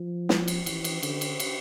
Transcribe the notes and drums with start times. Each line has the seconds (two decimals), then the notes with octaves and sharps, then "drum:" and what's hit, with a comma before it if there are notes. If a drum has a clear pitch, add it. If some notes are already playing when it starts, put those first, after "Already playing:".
Already playing: F3
0.29 drum: snare
0.48 drum: cymbal
0.66 E3, drum: cymbal
0.84 drum: cymbal
1.03 D3, drum: cymbal
1.21 drum: cymbal
1.40 drum: cymbal